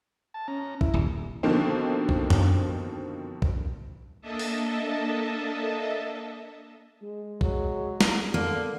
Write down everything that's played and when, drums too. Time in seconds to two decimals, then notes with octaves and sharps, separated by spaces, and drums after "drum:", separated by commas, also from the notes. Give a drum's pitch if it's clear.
0.34 A5
0.48 C#4 A#5
0.81 E4, drum: kick
0.94 D#1
1.43 B2 D3 D#3 F3 A#3 C4
2.09 drum: kick
2.30 drum: tom F#2
3.42 drum: kick
4.21 A#3 D4 A4 D#5 E5 A5
4.39 drum: open hi-hat
7.03 G#3
7.41 F#3, drum: kick
8.01 drum: snare
8.34 D3 A#3